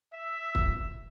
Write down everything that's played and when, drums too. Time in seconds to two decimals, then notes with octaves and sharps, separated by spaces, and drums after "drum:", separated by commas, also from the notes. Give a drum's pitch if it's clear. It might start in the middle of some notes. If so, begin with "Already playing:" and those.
0.13 E5
0.55 drum: kick